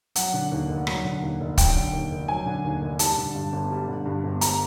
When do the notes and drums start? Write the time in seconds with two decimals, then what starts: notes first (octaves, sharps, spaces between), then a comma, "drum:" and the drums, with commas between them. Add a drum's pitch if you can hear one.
0.15 F#3 F#5, drum: hi-hat
0.34 D3
0.51 D#2
0.69 F1
0.87 F#3, drum: rim click
1.04 D3
1.22 D#2
1.40 F1
1.58 F#3 G5, drum: kick, hi-hat
1.75 D3
1.93 D#2
2.11 F1
2.28 F#3 G#5
2.46 D3
2.64 D#2
2.82 F1
2.99 G3 A5, drum: hi-hat
3.18 D3
3.35 G2
3.53 G1
3.70 G3
3.88 D3
4.06 G2
4.24 G1
4.41 G3 A#5, drum: hi-hat